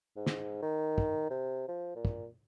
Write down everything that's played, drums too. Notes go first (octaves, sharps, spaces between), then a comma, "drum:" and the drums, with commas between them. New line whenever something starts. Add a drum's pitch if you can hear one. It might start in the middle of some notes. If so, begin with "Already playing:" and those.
G#2
drum: snare
D#3
drum: kick
C3
F3
A#2
drum: kick